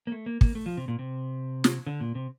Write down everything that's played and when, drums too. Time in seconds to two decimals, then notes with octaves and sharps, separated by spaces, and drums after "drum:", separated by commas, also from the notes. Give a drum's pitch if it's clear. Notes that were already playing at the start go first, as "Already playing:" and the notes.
0.07 A#3
0.12 A3
0.26 A#3
0.41 A#3, drum: kick
0.55 A3
0.66 F3
0.77 C3
0.88 A#2
0.99 C3
1.64 drum: snare
1.87 D3
2.00 A#2
2.15 C3